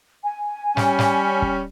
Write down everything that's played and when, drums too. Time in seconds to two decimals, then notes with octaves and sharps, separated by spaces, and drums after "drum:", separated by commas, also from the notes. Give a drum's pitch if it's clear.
0.24 G#5
0.77 G3 C#4, drum: snare
0.99 drum: snare
1.42 drum: kick